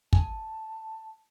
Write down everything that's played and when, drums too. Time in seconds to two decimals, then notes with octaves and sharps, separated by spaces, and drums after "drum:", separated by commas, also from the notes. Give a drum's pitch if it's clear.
0.13 G#5 A5, drum: kick